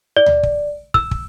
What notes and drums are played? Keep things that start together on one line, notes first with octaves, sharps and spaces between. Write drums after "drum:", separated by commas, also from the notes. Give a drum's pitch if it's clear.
D5
drum: tom D2
drum: kick
E6, drum: kick
drum: kick